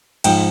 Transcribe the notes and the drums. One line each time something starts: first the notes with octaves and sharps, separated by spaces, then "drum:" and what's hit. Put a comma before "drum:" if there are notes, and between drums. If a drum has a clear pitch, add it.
G#2 F3 G5, drum: cymbal